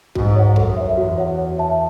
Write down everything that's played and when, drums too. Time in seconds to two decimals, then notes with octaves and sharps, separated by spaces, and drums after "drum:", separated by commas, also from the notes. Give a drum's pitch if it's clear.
0.15 G#2 F#4, drum: kick A#1
0.36 C#5 F#5
0.56 F#2 A4, drum: kick A#1
0.77 C#5 E5
0.97 E2 F#4
1.18 C#5 F#5
1.39 C#5
1.59 E5 A5